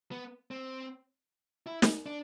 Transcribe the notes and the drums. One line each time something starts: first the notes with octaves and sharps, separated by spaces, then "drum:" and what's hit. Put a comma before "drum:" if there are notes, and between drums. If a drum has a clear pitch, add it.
B3
C4
E4
drum: snare
D4